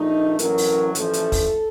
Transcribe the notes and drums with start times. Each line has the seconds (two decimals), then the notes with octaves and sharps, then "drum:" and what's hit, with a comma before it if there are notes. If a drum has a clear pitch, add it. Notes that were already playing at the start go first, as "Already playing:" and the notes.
Already playing: A#1 A#2 A3 D#4
0.39 A1 A2 F#3 A3 A#4, drum: hi-hat
0.58 drum: open hi-hat
0.95 A1 A2 F3 A3 A4, drum: hi-hat
1.13 drum: hi-hat
1.32 drum: kick, open hi-hat